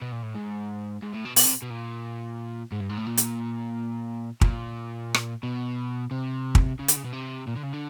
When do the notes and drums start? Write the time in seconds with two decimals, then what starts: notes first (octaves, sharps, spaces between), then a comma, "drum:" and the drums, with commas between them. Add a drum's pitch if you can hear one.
0.02 B2
0.12 A#2
0.23 A2
0.35 G#2
1.02 G#2
1.13 A2
1.25 B2
1.36 B2, drum: open hi-hat
1.45 C3
1.62 B2
1.70 A#2
2.72 G#2
2.80 G2
2.89 G#2
2.97 A2
3.06 A#2
3.17 drum: hi-hat
4.41 A#2, drum: kick
5.14 drum: rim click
5.43 B2
6.11 C3
6.55 drum: kick
6.79 C#3
6.88 D3, drum: hi-hat
6.96 C#3
7.05 B2
7.13 C3
7.48 A#2
7.56 D3
7.64 C#3
7.73 D3